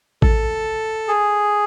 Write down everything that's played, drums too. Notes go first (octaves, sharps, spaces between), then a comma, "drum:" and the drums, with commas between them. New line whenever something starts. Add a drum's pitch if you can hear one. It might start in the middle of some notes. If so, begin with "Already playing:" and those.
A4, drum: kick A1
G#4